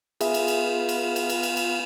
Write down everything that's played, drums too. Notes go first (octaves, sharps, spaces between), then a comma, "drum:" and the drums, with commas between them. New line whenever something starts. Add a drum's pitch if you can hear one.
B3 F4 G#4 E5, drum: cymbal
drum: cymbal
drum: cymbal
drum: cymbal
drum: cymbal
drum: cymbal
drum: cymbal
drum: cymbal